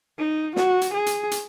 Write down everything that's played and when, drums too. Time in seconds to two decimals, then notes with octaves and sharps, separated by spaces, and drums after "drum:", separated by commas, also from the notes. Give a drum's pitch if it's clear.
0.19 D#4
0.56 F#4, drum: snare
0.81 drum: hi-hat
0.94 G#4
1.06 drum: hi-hat
1.31 drum: hi-hat